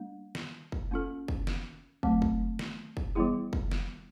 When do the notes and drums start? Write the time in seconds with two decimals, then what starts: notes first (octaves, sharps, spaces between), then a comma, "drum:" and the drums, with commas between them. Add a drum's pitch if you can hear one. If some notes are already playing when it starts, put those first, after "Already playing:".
Already playing: G3 A#3 D4
0.35 drum: snare
0.72 drum: kick
0.91 A#3 C#4 F4 A4
1.28 drum: kick
1.47 drum: snare
2.03 F#3 A3 C4, drum: kick
2.22 drum: kick
2.59 drum: snare
2.97 drum: kick
3.15 E3 G3 B3 E4 G#4
3.53 drum: kick
3.71 drum: snare